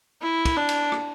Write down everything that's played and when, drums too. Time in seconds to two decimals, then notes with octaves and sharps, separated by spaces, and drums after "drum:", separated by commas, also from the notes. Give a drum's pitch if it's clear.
0.22 E4
0.45 drum: kick, cymbal
0.57 D4
0.69 drum: cymbal
0.92 drum: rim click